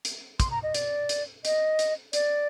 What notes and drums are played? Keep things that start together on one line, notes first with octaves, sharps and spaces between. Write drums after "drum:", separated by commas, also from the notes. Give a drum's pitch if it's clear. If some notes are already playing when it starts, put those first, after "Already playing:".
drum: hi-hat
C6, drum: kick, hi-hat
A#5
D#5
D5, drum: hi-hat
drum: hi-hat
D#5, drum: hi-hat
drum: hi-hat
D5, drum: hi-hat